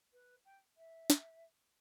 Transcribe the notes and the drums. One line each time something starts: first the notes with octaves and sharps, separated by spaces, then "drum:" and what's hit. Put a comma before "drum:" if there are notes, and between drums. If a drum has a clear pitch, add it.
B4
G5
E5
drum: snare